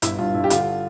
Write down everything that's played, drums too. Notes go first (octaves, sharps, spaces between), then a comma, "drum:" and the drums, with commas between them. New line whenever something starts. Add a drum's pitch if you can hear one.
G1 E4, drum: hi-hat
G2 F4
G2 E4
G4
D3 F4, drum: hi-hat